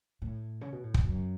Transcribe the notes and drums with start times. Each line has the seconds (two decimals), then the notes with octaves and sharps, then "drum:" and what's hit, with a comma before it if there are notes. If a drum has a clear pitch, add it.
0.22 A2
0.61 C#3
0.72 B2
0.84 A2
0.94 G#2, drum: kick
1.05 F#2